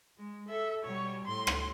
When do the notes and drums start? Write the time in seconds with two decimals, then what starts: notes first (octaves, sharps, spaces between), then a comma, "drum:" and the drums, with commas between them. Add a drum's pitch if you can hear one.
0.18 G#3
0.49 A4 E5
0.84 B2 G3 C#5
1.25 A2 C6
1.47 drum: rim click